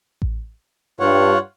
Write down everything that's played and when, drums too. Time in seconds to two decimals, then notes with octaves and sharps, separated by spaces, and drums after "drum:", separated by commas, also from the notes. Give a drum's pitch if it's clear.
0.22 drum: kick A1
1.00 G2 F4 C#5 F#5